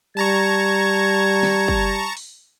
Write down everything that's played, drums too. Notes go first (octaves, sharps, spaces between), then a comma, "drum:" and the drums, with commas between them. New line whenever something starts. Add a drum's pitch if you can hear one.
G3 A5 A#5 C#6 G#6
drum: snare
drum: kick
drum: open hi-hat